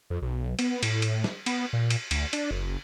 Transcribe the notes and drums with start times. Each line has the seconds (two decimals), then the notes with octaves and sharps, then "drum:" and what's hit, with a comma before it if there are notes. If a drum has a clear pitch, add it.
0.10 F2
0.22 B1
0.59 B3, drum: cymbal
0.83 A2, drum: cymbal
1.02 drum: cymbal
1.24 drum: snare
1.46 B3, drum: cymbal
1.73 A#2
1.90 drum: cymbal
2.11 D2, drum: cymbal
2.33 D4, drum: cymbal
2.51 F#1